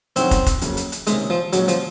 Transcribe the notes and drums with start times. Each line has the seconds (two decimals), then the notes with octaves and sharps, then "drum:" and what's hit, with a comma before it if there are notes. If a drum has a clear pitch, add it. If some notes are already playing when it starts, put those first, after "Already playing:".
0.16 F2 D#3 F#3 C4 C#4 F#4, drum: hi-hat
0.31 drum: kick, hi-hat
0.46 drum: kick, hi-hat
0.61 F2 C#3 F#3 A#3 C#4, drum: hi-hat
0.77 drum: hi-hat
0.92 drum: hi-hat
1.07 C#2 C3 D#3 G#3 A#3 C#4, drum: hi-hat
1.30 F3
1.53 A#2 F#3 G#3 C#4 F#4, drum: hi-hat
1.68 F3, drum: hi-hat